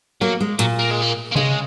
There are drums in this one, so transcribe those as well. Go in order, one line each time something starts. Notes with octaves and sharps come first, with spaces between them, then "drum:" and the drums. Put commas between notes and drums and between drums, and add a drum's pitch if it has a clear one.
F#3 A#3
G#3
A#2 F#3, drum: hi-hat
A#3
G#3
A#3
A#3
C#3 G#3, drum: tom C3